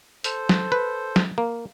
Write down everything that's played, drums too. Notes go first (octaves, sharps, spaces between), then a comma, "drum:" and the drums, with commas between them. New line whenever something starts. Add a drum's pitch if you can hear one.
A4 C5, drum: hi-hat
drum: snare
B4
drum: snare
A#3